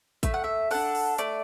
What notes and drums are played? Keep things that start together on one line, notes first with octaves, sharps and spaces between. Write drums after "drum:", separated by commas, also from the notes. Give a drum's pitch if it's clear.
A3 E5, drum: kick A1, hi-hat
F#5
E5
D4 A4 F#5, drum: open hi-hat
drum: open hi-hat
A3 D5, drum: hi-hat